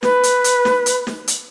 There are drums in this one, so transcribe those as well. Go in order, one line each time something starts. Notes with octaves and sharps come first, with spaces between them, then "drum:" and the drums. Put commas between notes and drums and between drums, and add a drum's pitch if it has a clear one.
B4, drum: snare
drum: hi-hat
drum: hi-hat
drum: snare
drum: hi-hat
drum: snare
drum: hi-hat